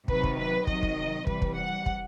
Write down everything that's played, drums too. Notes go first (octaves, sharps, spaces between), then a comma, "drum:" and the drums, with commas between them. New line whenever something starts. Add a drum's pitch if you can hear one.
C3 D#3 F#3 B4, drum: kick
drum: kick
B4
C3 D#3 F#3 D#5, drum: kick
drum: kick
C3 E3 G3 B4, drum: kick
drum: kick
F#5
drum: kick